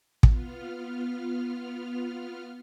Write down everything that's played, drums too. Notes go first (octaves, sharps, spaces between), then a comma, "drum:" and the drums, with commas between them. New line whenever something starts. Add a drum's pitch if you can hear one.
B3 F4 F6, drum: kick